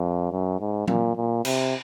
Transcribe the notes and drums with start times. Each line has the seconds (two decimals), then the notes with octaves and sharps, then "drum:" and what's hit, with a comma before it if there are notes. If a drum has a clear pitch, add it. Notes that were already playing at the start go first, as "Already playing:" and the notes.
Already playing: F2
0.31 F#2
0.60 G#2
0.88 A#2, drum: tom F#3
1.16 A#2
1.45 C3, drum: cymbal